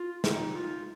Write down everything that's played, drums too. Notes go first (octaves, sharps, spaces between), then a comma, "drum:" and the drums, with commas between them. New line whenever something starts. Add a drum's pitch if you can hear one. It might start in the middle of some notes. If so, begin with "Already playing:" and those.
Already playing: F4
D#4, drum: snare
F4